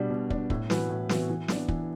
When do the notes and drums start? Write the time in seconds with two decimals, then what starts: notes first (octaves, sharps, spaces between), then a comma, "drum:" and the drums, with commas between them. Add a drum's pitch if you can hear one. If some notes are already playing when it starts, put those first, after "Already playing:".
Already playing: B2 G3 D4
0.10 B2
0.30 G3 D4, drum: kick
0.50 A2, drum: kick
0.70 E3 B3 F#4 B4, drum: snare
0.89 A2
1.09 E3 B3 F#4 B4, drum: snare
1.29 E3
1.48 B3 D4, drum: snare
1.68 E3, drum: kick